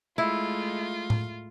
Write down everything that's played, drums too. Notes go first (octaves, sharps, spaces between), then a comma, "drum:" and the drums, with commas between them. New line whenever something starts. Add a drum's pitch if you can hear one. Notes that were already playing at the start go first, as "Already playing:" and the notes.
G#3 A3 E4 F4
drum: tom A2